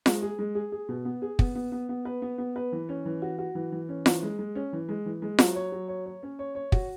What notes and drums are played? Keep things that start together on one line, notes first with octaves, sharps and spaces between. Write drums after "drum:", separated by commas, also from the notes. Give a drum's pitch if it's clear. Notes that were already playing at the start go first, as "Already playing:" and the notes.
G#3, drum: snare F4
G#4
G#3
G#4
G#4
B2
B3
G#4
B3, drum: kick
B3
B3
B3
B4
B3
B3
B4
E3
C#4
E3
F#4
F#4
E3
E3
C#4
E3, drum: snare F4
G#3
G#3
C#4
E3
G#3
E3
G#3
F#3, drum: snare F4
C#5
F#3
C#5
C#5
C#4
C#5
C#5
F#4, drum: kick